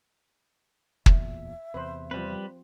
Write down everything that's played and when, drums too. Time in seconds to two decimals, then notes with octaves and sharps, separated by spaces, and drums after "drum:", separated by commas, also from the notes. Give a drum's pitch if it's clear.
1.06 D1 E2 A#2 E5, drum: kick
1.74 E2 C3 B4 C5
2.11 F3 G3 C4 B4